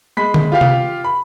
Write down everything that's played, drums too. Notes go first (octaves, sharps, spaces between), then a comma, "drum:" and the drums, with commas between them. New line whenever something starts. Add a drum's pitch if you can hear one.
G#3 B5 B6
drum: tom D3
F4 G4 F5
drum: tom C3
B5